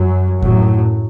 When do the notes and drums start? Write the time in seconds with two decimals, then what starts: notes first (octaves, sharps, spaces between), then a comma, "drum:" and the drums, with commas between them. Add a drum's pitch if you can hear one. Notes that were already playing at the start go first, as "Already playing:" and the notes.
Already playing: F#2 F#3
0.42 F#2 A2 F#3, drum: kick D#2